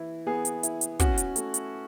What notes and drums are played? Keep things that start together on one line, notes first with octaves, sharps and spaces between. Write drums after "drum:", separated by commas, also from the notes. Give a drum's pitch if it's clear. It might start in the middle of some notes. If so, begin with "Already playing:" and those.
Already playing: E3 E4
B3 G#4
drum: hi-hat
E4, drum: hi-hat
drum: hi-hat
C#4 F#4, drum: kick, hi-hat
drum: hi-hat
A3, drum: hi-hat
drum: hi-hat